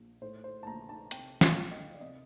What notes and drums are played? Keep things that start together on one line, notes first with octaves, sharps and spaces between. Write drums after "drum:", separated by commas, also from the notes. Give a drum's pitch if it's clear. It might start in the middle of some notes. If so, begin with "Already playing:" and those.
Already playing: A#1
A2 C5
C5
A5
A#1 A#5
A5
C3 G5, drum: hi-hat
F5, drum: snare
D2
D#5
D5
C3 D#5